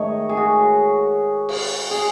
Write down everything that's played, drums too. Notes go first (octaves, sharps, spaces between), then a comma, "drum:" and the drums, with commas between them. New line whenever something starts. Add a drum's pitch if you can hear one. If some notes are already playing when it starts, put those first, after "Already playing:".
Already playing: G#2 D#3 A3 C#5 D#5
G#4
F#4
drum: cymbal
G#4